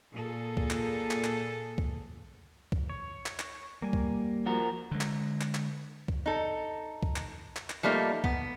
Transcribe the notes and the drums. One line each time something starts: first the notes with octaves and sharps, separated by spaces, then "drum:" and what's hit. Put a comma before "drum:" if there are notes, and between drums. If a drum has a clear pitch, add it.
A#2 G#4 A4
drum: kick
drum: clap
drum: clap
drum: clap
drum: kick
drum: kick
C#5
drum: clap
drum: clap
G3 A#3 G#5
drum: kick
F3 F#4 A#4
D3 G#3
drum: clap
drum: clap
drum: clap
drum: kick
D#4 A4
drum: kick
drum: clap
drum: clap
drum: clap
F3 G3 A3 A#3 D#4
B3, drum: kick